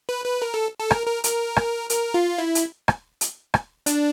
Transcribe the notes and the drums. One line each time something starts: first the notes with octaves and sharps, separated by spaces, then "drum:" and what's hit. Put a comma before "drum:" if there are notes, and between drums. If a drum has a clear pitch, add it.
B4
B4
A#4
A4
A4
A#4, drum: rim click
A#4
A#4, drum: hi-hat
drum: rim click
A#4, drum: hi-hat
F4
E4
drum: hi-hat
drum: rim click
drum: hi-hat
drum: rim click
D4, drum: hi-hat